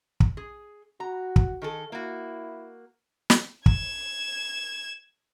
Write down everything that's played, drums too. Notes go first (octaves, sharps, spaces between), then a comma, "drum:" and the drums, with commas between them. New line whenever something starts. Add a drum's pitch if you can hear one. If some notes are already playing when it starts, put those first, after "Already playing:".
drum: kick
G#4
F#4 A#5
drum: kick
D#3 G#4 A4
A#3 E4 F#4
drum: snare
G#6 E7, drum: kick